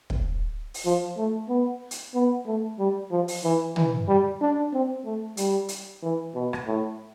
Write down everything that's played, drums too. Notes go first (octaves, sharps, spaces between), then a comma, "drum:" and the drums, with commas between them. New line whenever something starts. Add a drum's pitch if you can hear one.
drum: kick
drum: open hi-hat
F3
A3
B3
drum: hi-hat
B3
A3
G3
F3
drum: open hi-hat
E3
E3, drum: tom
G3
D4
C4
A3
G3, drum: hi-hat
drum: hi-hat
E3
B2
drum: rim click
A2